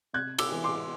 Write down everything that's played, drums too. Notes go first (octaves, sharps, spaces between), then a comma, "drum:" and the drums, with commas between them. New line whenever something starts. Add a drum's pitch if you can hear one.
C3 F#6 G#6
D6 E6, drum: cymbal
E3
C6 D6